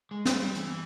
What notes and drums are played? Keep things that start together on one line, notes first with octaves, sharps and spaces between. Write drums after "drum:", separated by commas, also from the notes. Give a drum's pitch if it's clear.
G#3
G3, drum: snare
G3
E3, drum: hi-hat